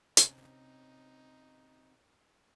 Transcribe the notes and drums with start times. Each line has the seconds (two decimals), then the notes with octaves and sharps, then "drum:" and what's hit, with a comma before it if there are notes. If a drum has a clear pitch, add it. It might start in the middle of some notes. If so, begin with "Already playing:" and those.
0.17 C3 C#4 D#4, drum: hi-hat